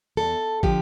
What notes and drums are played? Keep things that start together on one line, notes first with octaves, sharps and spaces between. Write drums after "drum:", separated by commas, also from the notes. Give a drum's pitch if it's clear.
E2 A4
D3 F3 G4, drum: kick